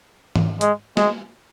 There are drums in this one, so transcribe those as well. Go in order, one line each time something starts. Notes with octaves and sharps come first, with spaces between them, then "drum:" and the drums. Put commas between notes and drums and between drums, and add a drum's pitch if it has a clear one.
drum: tom
G#3, drum: hi-hat
G#3, drum: snare A#3